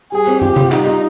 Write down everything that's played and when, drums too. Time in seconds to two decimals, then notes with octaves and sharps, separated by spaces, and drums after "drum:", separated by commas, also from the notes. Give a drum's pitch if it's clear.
0.12 G3 G#4
0.27 C4
0.41 F4 G4, drum: tom
0.56 F4, drum: tom C3
0.72 G3 D#4, drum: clap
0.86 F4